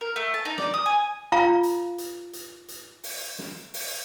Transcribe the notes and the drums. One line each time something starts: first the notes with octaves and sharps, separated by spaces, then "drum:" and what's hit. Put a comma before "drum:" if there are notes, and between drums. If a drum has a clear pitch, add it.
A#4
A3
A5
D#4
D5, drum: snare
D#6
G#5
F4 F5 A#5
drum: hi-hat
drum: hi-hat
drum: hi-hat
drum: hi-hat
drum: open hi-hat
drum: snare
drum: open hi-hat